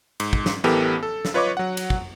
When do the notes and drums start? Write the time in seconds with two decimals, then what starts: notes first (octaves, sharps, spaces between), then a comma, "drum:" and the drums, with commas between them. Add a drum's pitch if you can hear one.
0.20 G#2, drum: cymbal
0.33 drum: kick
0.46 drum: snare
0.64 A1 E3 B3 G4 A4 A#4
1.03 A4
1.25 drum: snare
1.34 F4 B4 C#5 D#5 C#6 D6
1.57 F#3 F#5
1.77 drum: cymbal
1.90 drum: kick